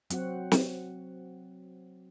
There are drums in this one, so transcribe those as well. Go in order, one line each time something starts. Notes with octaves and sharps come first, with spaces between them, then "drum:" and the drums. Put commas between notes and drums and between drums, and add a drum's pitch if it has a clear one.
F#3 C4 F#4 F#5, drum: hi-hat
drum: snare